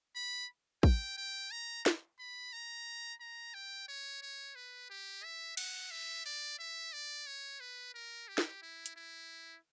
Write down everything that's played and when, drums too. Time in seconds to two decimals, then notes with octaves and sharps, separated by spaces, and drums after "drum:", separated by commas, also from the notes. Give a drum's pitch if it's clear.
0.16 B5
0.83 G5, drum: kick
1.18 G5
1.51 A#5
1.86 drum: snare
2.19 B5
2.53 A#5
3.20 A#5
3.54 G5
3.88 C#5
4.22 C#5
4.56 B4
4.90 G4
5.24 E5
5.57 F#5, drum: cymbal
5.91 E5
6.25 D5
6.59 E5
6.93 D5
7.27 C#5
7.60 B4
7.94 A#4
8.28 G4
8.38 drum: snare
8.62 E4
8.86 drum: hi-hat
8.96 E4